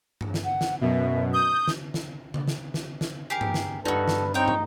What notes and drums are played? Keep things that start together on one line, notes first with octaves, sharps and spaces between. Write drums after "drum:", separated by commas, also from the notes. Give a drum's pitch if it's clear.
drum: tom G2
drum: snare
F#5
drum: snare
F#2 B2 E5
D#6 G6
drum: snare
drum: snare
drum: tom C#3
drum: snare
drum: snare
drum: snare
G4 G#4 A#4
drum: tom G2
drum: snare
G2 D#4 F#4 A4 B4
drum: snare
C4 D#4 C#5 G5
drum: tom